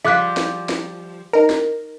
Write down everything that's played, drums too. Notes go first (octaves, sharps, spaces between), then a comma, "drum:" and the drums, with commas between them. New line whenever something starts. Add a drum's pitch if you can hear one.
F3 G3 G#4 E5 F5 D6 F#6
drum: snare
drum: snare
D#4 A#4
drum: snare